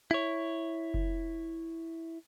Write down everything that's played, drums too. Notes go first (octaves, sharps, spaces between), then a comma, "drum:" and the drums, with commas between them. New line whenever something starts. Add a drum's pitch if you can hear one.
E4 C#5
drum: kick F1